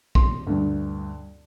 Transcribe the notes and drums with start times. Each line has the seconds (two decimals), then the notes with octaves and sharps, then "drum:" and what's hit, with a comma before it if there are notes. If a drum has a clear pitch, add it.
0.15 C6, drum: kick A#1
0.47 D2 G2